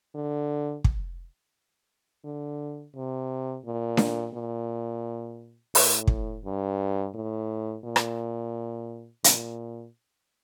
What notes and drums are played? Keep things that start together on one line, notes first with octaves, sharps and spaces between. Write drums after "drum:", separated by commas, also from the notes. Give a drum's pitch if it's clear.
D3
drum: kick
D3
C3
A#2
drum: snare D4
A#2
A2, drum: open hi-hat
drum: kick
G2
A2
A#2
drum: rim click
A#2, drum: hi-hat